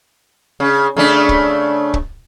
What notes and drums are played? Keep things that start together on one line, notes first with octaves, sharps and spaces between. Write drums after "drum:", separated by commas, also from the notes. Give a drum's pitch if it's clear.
C#3
C#3 A3 D4
drum: kick
drum: kick